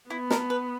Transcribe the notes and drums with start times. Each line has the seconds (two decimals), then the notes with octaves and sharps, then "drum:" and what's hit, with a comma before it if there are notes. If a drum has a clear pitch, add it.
0.10 B3 E4
0.30 A#4, drum: snare
0.50 B4